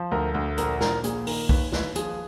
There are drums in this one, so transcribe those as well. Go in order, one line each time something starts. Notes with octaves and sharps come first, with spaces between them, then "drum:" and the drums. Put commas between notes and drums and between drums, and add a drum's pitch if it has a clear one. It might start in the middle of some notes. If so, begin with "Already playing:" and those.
Already playing: F3
D2 A#4
D2
A#1 A#4, drum: hi-hat
A#1 A#4, drum: snare
A#2 G#4, drum: hi-hat
D#3 A#4, drum: open hi-hat
D#2 B4, drum: kick B1
D#2 B4, drum: snare
F3 G#4, drum: hi-hat